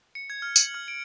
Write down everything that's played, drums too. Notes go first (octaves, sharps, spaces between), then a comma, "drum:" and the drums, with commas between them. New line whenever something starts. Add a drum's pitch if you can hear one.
C#7
G#6
F6
F#7, drum: tambourine
F6
D7